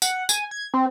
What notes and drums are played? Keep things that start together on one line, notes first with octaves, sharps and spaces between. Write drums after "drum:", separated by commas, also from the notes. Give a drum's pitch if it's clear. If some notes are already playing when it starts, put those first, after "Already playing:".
F#5, drum: tambourine
G#5, drum: tambourine
G#6
C4